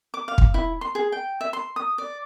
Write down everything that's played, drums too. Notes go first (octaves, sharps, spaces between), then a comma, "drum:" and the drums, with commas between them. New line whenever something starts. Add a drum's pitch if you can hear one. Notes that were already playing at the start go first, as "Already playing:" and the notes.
D6
F5
drum: kick
E4
C6
G#4
G5
E5
C6
D#6
D5